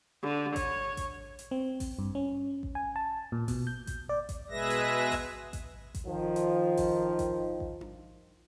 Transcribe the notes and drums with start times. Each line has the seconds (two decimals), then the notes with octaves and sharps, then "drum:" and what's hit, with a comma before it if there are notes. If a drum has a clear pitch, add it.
0.23 D3
0.56 C#5, drum: kick A1, hi-hat
0.97 drum: kick A1, hi-hat
1.39 drum: hi-hat
1.51 C4
1.80 drum: kick A1, open hi-hat
1.99 G2
2.15 C#4
2.63 drum: kick A1
2.75 G#5
2.96 A5
3.32 A#2
3.48 B2, drum: kick A1, open hi-hat
3.67 G6
3.87 drum: kick A1, hi-hat
4.09 D5
4.29 drum: kick A1, hi-hat
4.50 B2 G#3 G#4 B4 E5 A#6
4.70 drum: hi-hat
5.12 drum: kick A1, open hi-hat
5.53 drum: kick A1, hi-hat
5.95 drum: kick A1, hi-hat
6.07 D#3 F3
6.36 drum: hi-hat
6.77 drum: kick A1, open hi-hat
7.19 drum: kick A1, hi-hat
7.60 drum: kick A1
7.81 drum: tom D4